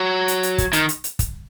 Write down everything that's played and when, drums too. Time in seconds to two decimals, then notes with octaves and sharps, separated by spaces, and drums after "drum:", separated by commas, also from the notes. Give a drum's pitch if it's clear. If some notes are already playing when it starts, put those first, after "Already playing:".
Already playing: F#3
0.28 drum: hi-hat
0.43 drum: hi-hat
0.58 drum: kick, hi-hat
0.73 D#3, drum: hi-hat
0.89 drum: hi-hat
1.04 drum: hi-hat
1.19 drum: kick, hi-hat